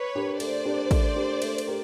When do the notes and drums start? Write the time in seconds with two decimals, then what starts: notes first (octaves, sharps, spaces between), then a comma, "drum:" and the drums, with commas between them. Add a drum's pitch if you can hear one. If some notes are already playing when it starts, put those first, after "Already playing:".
Already playing: B4 C#5
0.15 D4 G4 A#4
0.40 A3 C5 D5, drum: cymbal
0.65 D4 G4 A#4
0.91 A3, drum: kick, cymbal
1.16 D4 G4 A#4
1.42 A3, drum: cymbal
1.58 drum: cymbal
1.67 G4 A#4